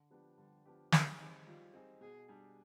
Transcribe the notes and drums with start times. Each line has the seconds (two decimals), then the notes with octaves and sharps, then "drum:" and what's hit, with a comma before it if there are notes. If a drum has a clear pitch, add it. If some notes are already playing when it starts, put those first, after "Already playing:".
Already playing: D3
0.11 F3 B3 D4 G4
0.38 D3 G3
0.66 F3 B3 D4 G4
0.92 G3 D#4, drum: snare
1.20 C4 D#4 G#4
1.47 G3 F4
1.74 C4 D#4 G#4
2.01 B2 G#4
2.28 G3 D4 G#4